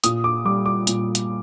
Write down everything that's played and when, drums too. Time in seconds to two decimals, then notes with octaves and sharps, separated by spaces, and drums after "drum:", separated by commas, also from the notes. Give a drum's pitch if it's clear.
0.04 A#2 D#6, drum: hi-hat
0.24 D6
0.45 G3 D6
0.66 D6
0.87 A#2, drum: hi-hat
1.15 drum: hi-hat